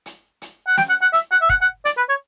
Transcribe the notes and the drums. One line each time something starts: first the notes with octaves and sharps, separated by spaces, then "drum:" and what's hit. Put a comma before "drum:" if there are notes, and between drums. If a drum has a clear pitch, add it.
drum: hi-hat
drum: hi-hat
F#5
G5, drum: snare
F#5
F#5
E5, drum: hi-hat
F#5
E5
F#5, drum: kick
F#5
D5, drum: hi-hat
B4
C#5